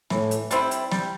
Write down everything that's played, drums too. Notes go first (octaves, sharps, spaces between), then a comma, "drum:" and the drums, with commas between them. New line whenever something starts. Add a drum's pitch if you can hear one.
A2 E3, drum: snare
drum: hi-hat
G3 C4 E4, drum: hi-hat
drum: hi-hat
G3, drum: snare